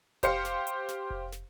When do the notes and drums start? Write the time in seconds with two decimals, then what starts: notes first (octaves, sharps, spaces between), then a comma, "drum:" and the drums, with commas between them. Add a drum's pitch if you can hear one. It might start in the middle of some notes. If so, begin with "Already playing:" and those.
0.23 G4 C5 F5 C#7, drum: kick F1, hi-hat
0.45 drum: snare
0.67 drum: hi-hat
0.89 drum: snare
1.10 drum: kick F1
1.32 drum: snare